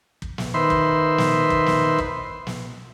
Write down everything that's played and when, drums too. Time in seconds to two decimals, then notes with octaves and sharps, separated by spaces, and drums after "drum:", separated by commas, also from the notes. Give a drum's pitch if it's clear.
0.22 drum: kick
0.38 drum: snare
0.54 D#3 B4 C5 E5 C6
0.70 drum: kick
1.18 drum: snare
1.50 drum: kick
1.66 drum: snare
1.98 drum: kick
2.47 drum: snare